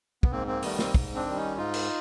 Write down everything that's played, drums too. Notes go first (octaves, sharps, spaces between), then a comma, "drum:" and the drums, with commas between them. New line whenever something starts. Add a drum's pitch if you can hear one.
B3, drum: kick
G#2 A#3 C4
A#3 C4
D#3 G3 A3 B3, drum: open hi-hat
A#3 C4, drum: snare
G#2, drum: kick
C4 D4
D#3 G3
C#4 D#4
G#2 D#4 F4
drum: cymbal